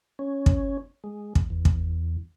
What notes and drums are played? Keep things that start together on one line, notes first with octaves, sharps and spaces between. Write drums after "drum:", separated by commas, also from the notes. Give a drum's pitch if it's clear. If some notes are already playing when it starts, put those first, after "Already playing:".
C#4
drum: kick
G#3
drum: kick
E2
drum: kick